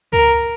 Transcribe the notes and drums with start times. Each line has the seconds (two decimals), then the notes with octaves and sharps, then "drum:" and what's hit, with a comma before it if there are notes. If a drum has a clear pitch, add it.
0.13 A#4, drum: kick C#2